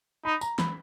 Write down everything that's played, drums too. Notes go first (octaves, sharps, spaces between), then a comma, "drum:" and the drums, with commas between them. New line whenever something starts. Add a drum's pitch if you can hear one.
D#4 B5
A#5, drum: tambourine
B5, drum: snare